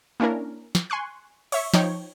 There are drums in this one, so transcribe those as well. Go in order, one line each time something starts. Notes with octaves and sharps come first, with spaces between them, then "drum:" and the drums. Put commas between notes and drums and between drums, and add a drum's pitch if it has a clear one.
A#3 C#4 D4 E4 A#4
drum: snare
G#5 C6 C#6 F#6
C#5 E5 C#6, drum: cymbal
F3 D#4 C#5 G5, drum: snare